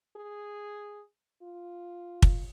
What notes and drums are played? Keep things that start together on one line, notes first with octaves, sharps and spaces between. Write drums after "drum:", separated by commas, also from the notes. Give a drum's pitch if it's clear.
G#4
F4
drum: kick